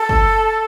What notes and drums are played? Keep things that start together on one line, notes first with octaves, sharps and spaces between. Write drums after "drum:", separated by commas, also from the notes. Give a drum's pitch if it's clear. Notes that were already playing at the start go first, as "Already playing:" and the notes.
Already playing: A4
drum: kick